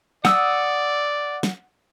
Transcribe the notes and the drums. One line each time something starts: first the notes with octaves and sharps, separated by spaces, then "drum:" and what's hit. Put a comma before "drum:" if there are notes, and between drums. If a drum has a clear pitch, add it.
D5 F#5 D#6 E6, drum: snare
drum: snare